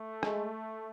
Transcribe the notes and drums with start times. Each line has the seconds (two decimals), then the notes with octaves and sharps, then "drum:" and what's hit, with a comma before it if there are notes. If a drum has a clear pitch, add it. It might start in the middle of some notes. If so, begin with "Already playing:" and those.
Already playing: A3
0.23 G#3, drum: rim click